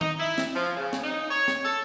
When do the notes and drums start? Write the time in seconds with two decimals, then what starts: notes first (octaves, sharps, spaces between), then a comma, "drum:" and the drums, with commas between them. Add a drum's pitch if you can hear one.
0.01 D#4, drum: tom
0.19 E4
0.38 drum: snare
0.55 F3
0.76 C#3
0.93 drum: snare
1.04 D#4
1.31 C#5
1.48 drum: snare
1.65 A4